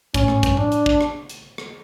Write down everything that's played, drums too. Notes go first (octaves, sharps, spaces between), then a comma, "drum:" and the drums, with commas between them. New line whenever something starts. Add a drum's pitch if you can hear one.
A2 C#4, drum: kick, hi-hat
A2, drum: rim click
G2, drum: kick, hi-hat
D4, drum: tom A2
drum: hi-hat
drum: kick
drum: rim click
drum: hi-hat
drum: rim click